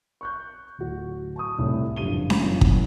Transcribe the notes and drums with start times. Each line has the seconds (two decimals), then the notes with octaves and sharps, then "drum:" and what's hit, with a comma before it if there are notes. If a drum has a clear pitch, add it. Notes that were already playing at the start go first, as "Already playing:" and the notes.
0.21 C#6 F#6 G6
0.79 D1 F#4
1.36 A5 C#6 D#6
1.58 C2 A2
1.96 F#1 G2 F3 G4 D#7 G7
2.30 drum: snare C#4
2.40 F#2 A#2 E3 F#3
2.61 drum: kick